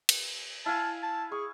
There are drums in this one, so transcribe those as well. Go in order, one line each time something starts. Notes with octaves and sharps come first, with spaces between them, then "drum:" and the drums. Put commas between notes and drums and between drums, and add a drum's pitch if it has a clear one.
drum: cymbal
E4 F5 G#5 A5
A5
G#4 C#6